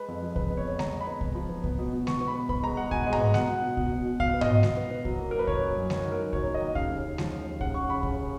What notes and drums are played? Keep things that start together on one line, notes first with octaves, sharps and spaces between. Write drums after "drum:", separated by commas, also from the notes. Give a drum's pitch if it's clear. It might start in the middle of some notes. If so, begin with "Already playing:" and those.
Already playing: G#3 B4
F2
F3
G#3 B4, drum: kick C2
B3
C#5
F2
F2 A#5, drum: snare G#3
G#3
B5
B3
G#3, drum: kick C2
F3
B3
B3, drum: kick C2
B2
B2
B3 C#6, drum: snare G#3
B3
B5
B3
B3 B5, drum: kick C2
G#3 A#5
G#3 F#5
B2 G#5, drum: kick C2
G#3
A#5, drum: tom G#2
B3
B2 F#5, drum: snare G#3
B2
B2
B2, drum: kick C2
B2
B2
B2 F5, drum: kick C2
B3
D#5, drum: tom G#2
B2
B2, drum: snare G#3
B3
B3
F#3, drum: kick C2
A#3
F#2 A#4
B4
A#3 C#5, drum: kick C2
F#2
F#2
D#3 C#5, drum: snare G#3
D#3
A#4
F#2
F#3 C#5, drum: kick C2
A#3
D#5
D#3
C#3 F5, drum: kick C2
D#2
C#3
F3, drum: snare G#3
F3
D#2
C#3 F#5, drum: kick C2
C#3 C#6
C#3 B5
C#3, drum: kick C2